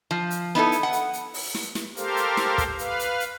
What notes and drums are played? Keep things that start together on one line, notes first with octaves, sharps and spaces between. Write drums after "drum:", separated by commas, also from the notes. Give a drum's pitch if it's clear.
F3
drum: hi-hat
B3 D#4 E4 A4
drum: hi-hat
F#5
drum: hi-hat
drum: hi-hat
drum: open hi-hat
drum: snare
drum: snare
G4 A4 A#4 C5 F5, drum: hi-hat
drum: hi-hat
drum: snare
drum: kick, hi-hat
B4 F5, drum: hi-hat
drum: hi-hat
drum: hi-hat